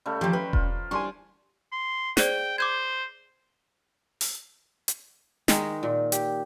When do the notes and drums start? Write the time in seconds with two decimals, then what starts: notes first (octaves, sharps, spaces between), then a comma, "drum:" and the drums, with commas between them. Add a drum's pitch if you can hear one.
0.06 C#3 G3 A3
0.21 E3 F3 G4 C5 G5 A#5
0.33 C#4 B4
0.53 F4, drum: kick E1
0.91 G3 D4 G#5 C6 C#6
1.72 C6
2.17 G#4 C5 D5 G5, drum: snare
2.58 C5 D6 G6 G#6
4.21 drum: open hi-hat
4.88 drum: hi-hat
5.48 D#3 G#3 D#4, drum: snare
5.83 A#2
6.12 G4, drum: hi-hat